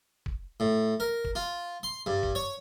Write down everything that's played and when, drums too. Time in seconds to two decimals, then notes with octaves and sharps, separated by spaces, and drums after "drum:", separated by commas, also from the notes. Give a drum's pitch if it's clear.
0.26 drum: kick
0.60 A2
1.00 A#4
1.25 drum: kick
1.35 F4
1.83 C6
2.06 G2
2.23 drum: kick
2.35 C#5